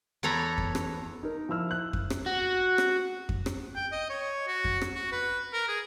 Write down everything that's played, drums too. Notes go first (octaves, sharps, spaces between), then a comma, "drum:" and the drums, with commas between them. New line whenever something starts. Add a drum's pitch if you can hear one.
E2 A4 C#5 A#5 B5
drum: kick F2
drum: rim click
D#4 A#4
F3 E4 E6 F6
F#6
drum: kick F2
drum: rim click
F#4
drum: rim click
drum: kick F2
drum: rim click
G5
D#5
C#5
F#4
drum: kick F2
drum: rim click
F#4
B4
A#4
G#4